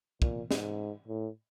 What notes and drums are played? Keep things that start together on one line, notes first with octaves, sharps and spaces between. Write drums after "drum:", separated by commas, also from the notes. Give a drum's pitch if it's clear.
A#2, drum: kick
G#2, drum: snare
A2